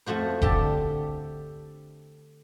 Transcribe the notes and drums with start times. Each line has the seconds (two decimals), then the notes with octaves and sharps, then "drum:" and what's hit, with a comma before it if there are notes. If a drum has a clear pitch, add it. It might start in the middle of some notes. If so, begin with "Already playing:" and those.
0.06 F2 F3 A3 F#4 C5
0.42 D3 G4 E5 A5, drum: kick F1